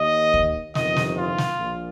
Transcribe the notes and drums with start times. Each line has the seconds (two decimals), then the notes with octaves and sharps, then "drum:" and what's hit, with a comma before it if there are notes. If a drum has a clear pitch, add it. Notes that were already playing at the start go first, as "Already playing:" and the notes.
Already playing: D#2 D#3 D#5
0.34 drum: kick
0.75 G1 F2 C3 D#3 D#5, drum: snare
0.97 drum: snare
1.17 F4
1.38 drum: snare
1.59 A#1 A#2